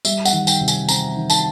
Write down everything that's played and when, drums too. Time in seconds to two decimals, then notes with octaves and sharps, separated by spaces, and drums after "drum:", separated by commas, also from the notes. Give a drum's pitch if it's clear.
0.05 G3 E5, drum: tambourine
0.25 F#5, drum: tambourine
0.33 D#3
0.47 G5, drum: tambourine
0.61 C3
0.68 G#5, drum: tambourine
0.88 C4 A#5, drum: tambourine
1.16 D#3
1.30 A5, drum: tambourine